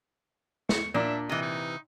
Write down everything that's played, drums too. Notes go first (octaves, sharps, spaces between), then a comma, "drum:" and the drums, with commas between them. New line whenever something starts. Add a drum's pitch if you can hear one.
C#6, drum: snare
A#2 D4 E5
C3 E3 D#5
D#4